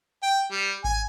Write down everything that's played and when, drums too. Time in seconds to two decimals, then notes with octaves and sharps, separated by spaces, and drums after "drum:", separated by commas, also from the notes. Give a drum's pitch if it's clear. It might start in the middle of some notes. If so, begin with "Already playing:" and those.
0.23 G5
0.51 G3
0.84 G#5, drum: kick G#1